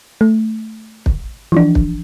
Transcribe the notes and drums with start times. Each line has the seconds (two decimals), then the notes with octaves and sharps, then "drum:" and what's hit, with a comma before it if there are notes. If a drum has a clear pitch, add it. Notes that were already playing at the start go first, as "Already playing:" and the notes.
0.21 A3
1.06 drum: kick
1.52 E3 F3 D4
1.75 drum: kick